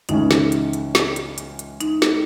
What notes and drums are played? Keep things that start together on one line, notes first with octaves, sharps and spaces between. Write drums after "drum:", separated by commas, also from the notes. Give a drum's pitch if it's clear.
C#2 C#3 E3 G#3 C#4 D#4, drum: hi-hat
drum: snare
drum: hi-hat
drum: hi-hat
drum: snare
drum: hi-hat
drum: hi-hat
drum: hi-hat
D#4, drum: hi-hat
drum: snare